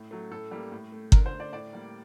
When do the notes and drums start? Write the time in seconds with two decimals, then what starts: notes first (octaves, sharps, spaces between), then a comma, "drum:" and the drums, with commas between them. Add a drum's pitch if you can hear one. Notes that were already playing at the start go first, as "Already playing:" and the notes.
Already playing: A2
0.11 F#3 A3
0.31 A2 A4
0.51 G3 A#3
0.72 A2
0.92 A3
1.12 D3 A#4, drum: kick G1
1.26 C5
1.33 A3
1.40 D5
1.52 A2 D5
1.73 G3 A#3